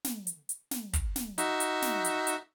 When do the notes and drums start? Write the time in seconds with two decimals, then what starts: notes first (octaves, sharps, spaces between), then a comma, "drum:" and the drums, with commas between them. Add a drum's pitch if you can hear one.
0.04 drum: snare
0.27 drum: hi-hat
0.49 drum: hi-hat
0.71 drum: snare
0.93 drum: kick, hi-hat
1.16 drum: snare
1.38 D#4 F#4 E5, drum: hi-hat
1.60 drum: hi-hat
1.82 drum: snare
2.05 drum: hi-hat
2.27 drum: hi-hat